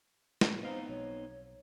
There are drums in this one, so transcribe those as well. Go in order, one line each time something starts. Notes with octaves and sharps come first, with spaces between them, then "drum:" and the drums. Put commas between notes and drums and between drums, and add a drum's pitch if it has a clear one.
A2 B4, drum: snare
B3 C4 D#4 C5 D#5 F5 A#5
B1 C#5